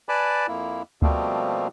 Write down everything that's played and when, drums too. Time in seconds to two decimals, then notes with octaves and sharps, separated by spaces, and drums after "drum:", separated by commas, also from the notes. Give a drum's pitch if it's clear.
0.09 B4 D5 G#5 A5 B5 D6
0.48 F2 A#3 E4
1.02 B2 F3 G3 A3 A#3 C4, drum: kick D2